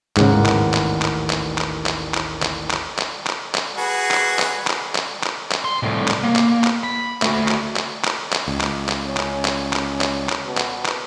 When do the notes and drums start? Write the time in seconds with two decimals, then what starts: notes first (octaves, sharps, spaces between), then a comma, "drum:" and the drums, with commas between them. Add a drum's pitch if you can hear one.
0.17 A1 D#2 G#2 C#3 F#5, drum: clap
0.46 drum: clap
0.74 drum: clap
1.02 drum: clap
1.30 drum: clap
1.58 drum: clap
1.86 drum: clap
2.14 drum: clap
2.42 drum: clap
2.71 drum: clap
2.99 drum: clap
3.27 drum: clap
3.55 drum: clap
3.78 F#4 G#4 B4
4.11 drum: clap
4.39 drum: clap
4.67 drum: clap
4.95 drum: clap
5.23 drum: clap
5.52 drum: clap
5.65 C6
5.83 C2 A2
6.08 drum: clap
6.23 A#3
6.36 drum: clap
6.64 drum: clap
6.84 B5
7.22 A3 F#4, drum: clap
7.48 drum: clap
7.76 drum: clap
8.04 drum: clap
8.33 drum: clap
8.47 C#2
8.61 drum: clap
8.89 drum: clap
9.07 C#4
9.17 drum: clap
9.45 drum: clap
9.73 drum: clap
10.01 drum: clap
10.29 drum: clap
10.45 B2
10.57 drum: clap
10.86 drum: clap